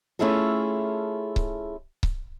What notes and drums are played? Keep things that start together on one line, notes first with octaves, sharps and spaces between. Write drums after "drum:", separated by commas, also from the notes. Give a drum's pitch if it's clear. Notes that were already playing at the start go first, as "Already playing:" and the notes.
A3 C#4 E4 F4 G#4 A4
drum: kick C#1
drum: kick C#1